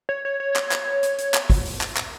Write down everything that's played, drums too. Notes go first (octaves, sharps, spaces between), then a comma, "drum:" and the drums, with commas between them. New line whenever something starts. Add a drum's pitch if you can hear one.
C#5
C#5
C#5
drum: clap
drum: clap
drum: hi-hat
drum: hi-hat
drum: clap
drum: kick, open hi-hat
drum: open hi-hat
drum: clap
drum: clap